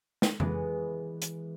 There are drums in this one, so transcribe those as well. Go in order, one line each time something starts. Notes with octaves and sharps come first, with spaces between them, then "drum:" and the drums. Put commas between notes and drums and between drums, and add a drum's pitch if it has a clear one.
drum: snare
E3 G#3 B3, drum: tom
drum: hi-hat